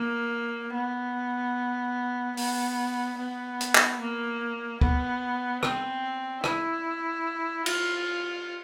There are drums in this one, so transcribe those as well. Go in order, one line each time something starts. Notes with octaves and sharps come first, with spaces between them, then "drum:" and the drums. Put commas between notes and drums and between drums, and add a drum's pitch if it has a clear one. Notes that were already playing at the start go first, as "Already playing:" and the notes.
Already playing: A#3
B3
B3, drum: open hi-hat
B3
drum: hi-hat
drum: clap
A#3
B3, drum: kick
C4, drum: rim click
E4, drum: rim click
F4, drum: cymbal